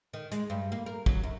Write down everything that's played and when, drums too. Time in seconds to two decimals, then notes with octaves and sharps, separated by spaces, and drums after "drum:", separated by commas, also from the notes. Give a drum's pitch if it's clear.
0.13 D#3
0.32 G#3, drum: hi-hat
0.50 G2
0.72 A#3
0.86 A#4
1.06 F#3, drum: kick
1.23 F#2